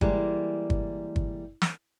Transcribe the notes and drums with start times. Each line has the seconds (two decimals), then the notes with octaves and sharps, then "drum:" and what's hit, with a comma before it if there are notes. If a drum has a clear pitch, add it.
0.01 E3 G3 G#3 A#3, drum: kick
0.70 drum: kick
1.16 drum: kick
1.62 drum: snare